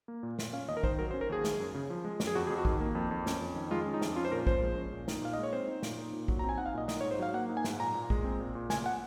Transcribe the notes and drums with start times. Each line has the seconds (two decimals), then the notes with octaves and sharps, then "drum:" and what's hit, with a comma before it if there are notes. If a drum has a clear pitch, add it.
0.08 A#3
0.23 A#2
0.39 A#2, drum: snare
0.53 C#4 F5
0.68 D#2 D#5
0.77 A#4
0.83 D#3 C5, drum: kick
0.99 F#3 A#4
1.11 C5
1.14 C#4
1.21 A#4
1.29 D#2 G#4
1.44 G#3, drum: snare
1.60 F#2
1.74 C#3
1.90 F3
2.05 G#3
2.20 F#2, drum: snare
2.27 G#4
2.35 F2 F#4
2.47 G#4
2.50 F2
2.58 F#4
2.65 D#3, drum: kick
2.81 A#3
2.95 F2
3.11 F2
3.26 C#4, drum: snare
3.41 F2
3.56 D#3
3.71 G#3 F4
3.86 C#4
3.94 D#4
4.02 F2, drum: snare
4.16 C#4 F4
4.25 C5
4.32 A#2 A#4
4.47 F3 C5, drum: kick
4.62 G#3
4.77 C#4
4.93 A#2
5.08 D#4, drum: snare
5.22 A#2 F5
5.33 D#5
5.38 G#3
5.43 C#5
5.53 C4 C5
5.68 D#4
5.83 A#2, drum: snare
5.98 D#4
6.13 A#2
6.28 F#3, drum: kick
6.39 A#5
6.44 C4
6.49 G#5
6.58 D#4 F#5
6.66 F5
6.74 A#2 D#5
6.88 D#4 D#5, drum: snare
7.01 C#5
7.04 G#2
7.11 C5
7.19 F#3 F5
7.34 A#3 F#5
7.49 D#4
7.57 G#5
7.64 G#2, drum: snare
7.79 A#2 A#5
7.94 A#2
8.10 G#3, drum: kick
8.25 C4
8.40 A#2
8.55 A#2
8.70 C#2 G#5, drum: snare
8.86 F#5